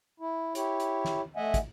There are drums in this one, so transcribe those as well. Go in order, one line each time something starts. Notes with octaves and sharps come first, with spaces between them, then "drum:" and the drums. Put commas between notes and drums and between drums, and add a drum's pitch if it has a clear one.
E4
E4 G4 C#5, drum: hi-hat
drum: hi-hat
drum: snare
A3 D#5 E5 F#5 G#5
drum: kick, hi-hat